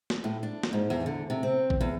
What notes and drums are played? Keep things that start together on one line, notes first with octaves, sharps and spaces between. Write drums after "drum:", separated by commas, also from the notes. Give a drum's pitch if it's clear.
drum: snare
A2
D4
drum: snare
G#2
E2
D3
C3
C4
drum: kick A#1
E2